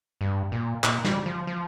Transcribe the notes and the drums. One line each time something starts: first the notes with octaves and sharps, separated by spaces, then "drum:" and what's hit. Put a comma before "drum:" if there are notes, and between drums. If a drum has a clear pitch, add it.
G2
A#2
A#2, drum: clap
G3, drum: snare
F3
F3